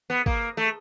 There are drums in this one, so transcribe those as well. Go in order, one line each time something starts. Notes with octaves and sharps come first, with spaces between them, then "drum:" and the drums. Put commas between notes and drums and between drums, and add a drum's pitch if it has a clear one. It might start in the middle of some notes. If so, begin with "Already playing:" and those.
B3
A#3, drum: kick G#1
A3